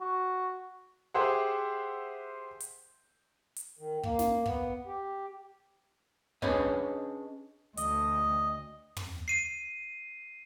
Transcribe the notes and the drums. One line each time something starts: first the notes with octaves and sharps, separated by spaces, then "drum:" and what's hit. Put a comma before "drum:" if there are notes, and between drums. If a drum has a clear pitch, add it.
F#4
G4 G#4 C5 E5 F#5
drum: hi-hat
drum: hi-hat
D#3
A#3, drum: kick
drum: snare
B3, drum: kick
G4
C#4 D4 G#4 B4 C#5 D#5, drum: kick
D2 D#5, drum: hi-hat
drum: tom
C7 D#7